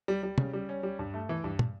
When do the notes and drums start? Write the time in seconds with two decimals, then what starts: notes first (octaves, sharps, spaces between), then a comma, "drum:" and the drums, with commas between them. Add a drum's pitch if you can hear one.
0.08 G3
0.23 G3
0.38 C#3, drum: tom
0.53 G3
0.69 C#4
0.83 G3
0.99 G2
1.14 A3
1.29 E3
1.44 G2
1.59 drum: tom